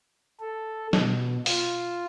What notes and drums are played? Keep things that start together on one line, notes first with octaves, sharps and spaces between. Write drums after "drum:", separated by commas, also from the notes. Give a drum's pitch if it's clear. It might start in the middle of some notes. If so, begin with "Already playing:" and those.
A4
B2, drum: snare
F4, drum: open hi-hat